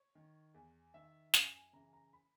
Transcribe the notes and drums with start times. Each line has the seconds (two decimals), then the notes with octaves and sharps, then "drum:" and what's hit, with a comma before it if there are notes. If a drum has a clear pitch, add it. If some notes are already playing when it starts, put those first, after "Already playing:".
Already playing: C#5
0.15 D#3
0.54 E2
0.94 D#3 E5
1.34 F#2 G#5, drum: snare
1.53 G#5
1.73 C#3 E3 A#5
1.93 A#5
2.13 B5